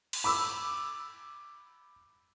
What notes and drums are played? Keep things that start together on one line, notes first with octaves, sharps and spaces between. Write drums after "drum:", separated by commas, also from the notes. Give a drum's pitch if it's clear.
drum: cymbal
B5 D6 E6